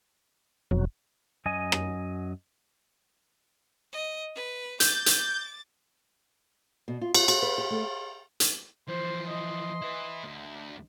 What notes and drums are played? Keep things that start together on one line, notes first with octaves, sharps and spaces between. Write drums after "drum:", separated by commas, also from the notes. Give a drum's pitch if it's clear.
F1 F2 B2 F#3
F#2 F#3 D#5 G#5
drum: rim click
D#5
B4
D6 G6 A6, drum: hi-hat
drum: hi-hat
B2
F4
F4, drum: cymbal
F#4, drum: cymbal
B4
G4
A3
drum: hi-hat
E3 F3 C5 C6
D#5 C6
E4 B4
D2